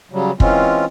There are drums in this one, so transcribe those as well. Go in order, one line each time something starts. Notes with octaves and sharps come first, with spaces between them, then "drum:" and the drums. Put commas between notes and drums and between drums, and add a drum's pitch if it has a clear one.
C#3 F#3 G3
E3 G#3 C4 C#4 F4, drum: kick